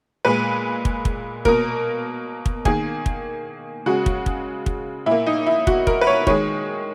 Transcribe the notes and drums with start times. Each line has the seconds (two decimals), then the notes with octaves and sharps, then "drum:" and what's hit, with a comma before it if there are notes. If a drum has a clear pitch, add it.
0.25 A#2 G#3 B4
0.85 drum: kick
1.05 drum: kick
1.45 B2 A#3 A#4, drum: kick
2.46 drum: kick
2.65 D#3 A#3 G#4, drum: kick
3.06 drum: kick
3.86 C#3 G#3 F#4
4.06 drum: kick
4.26 drum: kick
4.66 drum: kick
5.06 A#2 A#3 E4
5.27 D#4
5.46 E4
5.67 F#4, drum: kick
5.87 A#4, drum: kick
6.01 B4
6.07 C#5
6.27 D#3 G#3 C#5, drum: kick